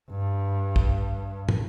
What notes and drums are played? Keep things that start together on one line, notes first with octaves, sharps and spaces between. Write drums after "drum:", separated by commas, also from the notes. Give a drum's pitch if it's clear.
G2
drum: kick
drum: tom